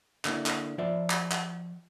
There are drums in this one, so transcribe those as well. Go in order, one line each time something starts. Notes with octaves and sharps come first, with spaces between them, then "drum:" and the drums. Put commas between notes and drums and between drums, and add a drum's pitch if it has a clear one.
D3 A#3 E4, drum: clap
drum: clap
F3 C5 D5 E5
drum: clap
drum: clap